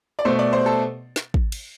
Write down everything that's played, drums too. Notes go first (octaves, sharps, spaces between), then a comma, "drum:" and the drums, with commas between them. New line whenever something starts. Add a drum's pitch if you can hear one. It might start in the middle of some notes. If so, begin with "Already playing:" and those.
D5
B2 A3 C5
D5
C5
A4
drum: snare
drum: kick
drum: cymbal